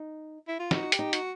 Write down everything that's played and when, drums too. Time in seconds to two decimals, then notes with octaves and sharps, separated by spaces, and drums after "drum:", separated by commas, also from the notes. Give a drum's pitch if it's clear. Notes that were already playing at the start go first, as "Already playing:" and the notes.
Already playing: D#4
0.48 E4
0.59 F4
0.71 D#4 F#4, drum: snare
0.92 G4, drum: hi-hat
0.99 D#4
1.13 F#4, drum: hi-hat